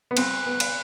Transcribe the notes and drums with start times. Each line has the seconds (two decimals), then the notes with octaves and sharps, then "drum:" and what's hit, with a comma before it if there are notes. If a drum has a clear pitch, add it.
0.11 B3
0.17 C4 F#6, drum: cymbal
0.46 B3
0.60 drum: cymbal